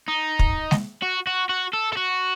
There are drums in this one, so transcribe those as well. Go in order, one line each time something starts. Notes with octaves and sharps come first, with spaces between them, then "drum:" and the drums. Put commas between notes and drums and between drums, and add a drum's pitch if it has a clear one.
D#4
drum: kick
drum: snare G#3
F#4
F#4
F#4
A4
A4
F#4